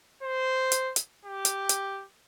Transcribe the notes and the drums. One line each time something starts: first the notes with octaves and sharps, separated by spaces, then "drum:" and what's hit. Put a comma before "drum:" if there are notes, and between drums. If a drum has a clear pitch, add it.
C5
drum: hi-hat
drum: hi-hat
G4
drum: hi-hat
drum: hi-hat